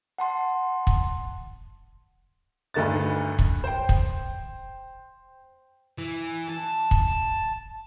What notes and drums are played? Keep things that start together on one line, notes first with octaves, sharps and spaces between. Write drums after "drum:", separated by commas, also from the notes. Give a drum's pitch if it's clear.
F#5 A5 C6
drum: kick
D2 G2 D3 D#4 A6
drum: kick
C5 G5
drum: kick
E3
A5
drum: kick